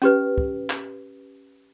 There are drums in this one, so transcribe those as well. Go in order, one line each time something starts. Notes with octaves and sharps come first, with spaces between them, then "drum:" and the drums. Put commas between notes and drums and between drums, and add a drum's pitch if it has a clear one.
C#4 G4 B4, drum: hi-hat
drum: kick
drum: clap